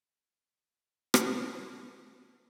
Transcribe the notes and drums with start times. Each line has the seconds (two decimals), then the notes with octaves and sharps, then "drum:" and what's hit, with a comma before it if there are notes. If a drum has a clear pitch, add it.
0.06 A5 B5 E6 A#6 C7 D7
1.14 drum: rim click
1.82 F6 G6 C#7